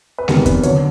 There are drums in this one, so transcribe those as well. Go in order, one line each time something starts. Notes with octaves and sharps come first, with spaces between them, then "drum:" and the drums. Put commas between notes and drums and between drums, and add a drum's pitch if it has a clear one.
B4
E2 C3 D#3 G3 A#4, drum: snare G#3
B4, drum: kick E2, hi-hat
D3 F#3 C#5, drum: hi-hat